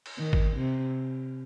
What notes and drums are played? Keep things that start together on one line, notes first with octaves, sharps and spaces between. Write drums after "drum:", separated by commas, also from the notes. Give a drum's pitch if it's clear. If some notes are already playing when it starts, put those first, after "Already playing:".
drum: cymbal
D#3
drum: kick
C3